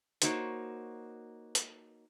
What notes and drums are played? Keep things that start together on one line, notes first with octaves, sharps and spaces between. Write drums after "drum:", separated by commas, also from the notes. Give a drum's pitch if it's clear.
A#3 D#4 F#4 C5 C#5, drum: hi-hat
drum: hi-hat